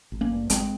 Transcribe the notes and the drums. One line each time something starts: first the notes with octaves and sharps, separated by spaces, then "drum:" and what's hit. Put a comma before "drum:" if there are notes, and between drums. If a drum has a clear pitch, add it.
G#1
A#3 C#4
G2
G#1 G#3 C4, drum: hi-hat